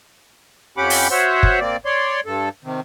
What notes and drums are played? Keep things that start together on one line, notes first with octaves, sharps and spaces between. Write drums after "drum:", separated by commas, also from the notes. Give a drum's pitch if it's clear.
F2 C#4 G4 F#5 B5 D6
drum: open hi-hat
F#4 C5 C#5 E5 F#5
drum: kick
A#3 C4 D5
C#5 D5 C6
G2 A4
C3 D#3